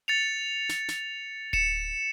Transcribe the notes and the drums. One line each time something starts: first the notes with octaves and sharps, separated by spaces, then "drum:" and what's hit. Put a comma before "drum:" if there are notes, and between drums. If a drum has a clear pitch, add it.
A6 C#7 F7
drum: snare
drum: snare
C#7 E7, drum: kick D1